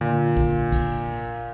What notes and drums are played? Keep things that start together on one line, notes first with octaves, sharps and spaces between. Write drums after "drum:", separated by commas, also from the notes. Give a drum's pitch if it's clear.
A#2 D3
drum: kick
drum: kick, cymbal